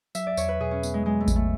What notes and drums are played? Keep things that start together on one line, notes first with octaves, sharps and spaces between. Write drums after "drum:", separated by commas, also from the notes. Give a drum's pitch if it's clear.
F#3 E5, drum: tambourine
D5
E2 C#5, drum: tambourine
B4
B2 G#4
C#4
B3, drum: tambourine
G#3
F#3 G#3
A3
E2, drum: kick A1, tambourine
A3